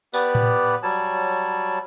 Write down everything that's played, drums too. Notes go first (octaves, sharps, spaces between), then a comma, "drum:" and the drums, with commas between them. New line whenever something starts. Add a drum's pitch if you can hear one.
B3 G4 B4 D5, drum: tambourine
drum: tom A2
F#3 G3 C#5 A5